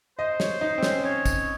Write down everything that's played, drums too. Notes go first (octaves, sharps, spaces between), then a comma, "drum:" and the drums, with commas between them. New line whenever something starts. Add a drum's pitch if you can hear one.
C5 D#5
C#5, drum: snare
D#4
C4
C#4, drum: snare
C#4 C#5
drum: kick, tambourine